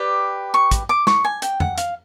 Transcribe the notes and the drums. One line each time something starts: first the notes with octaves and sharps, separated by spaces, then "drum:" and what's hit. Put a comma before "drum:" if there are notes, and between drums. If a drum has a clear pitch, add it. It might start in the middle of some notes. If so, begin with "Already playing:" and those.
Already playing: G4 B4 D5 D6
C#6
drum: kick, hi-hat
D6
C#6, drum: snare
G#5
G5, drum: hi-hat
F#5, drum: tom F2
F5, drum: hi-hat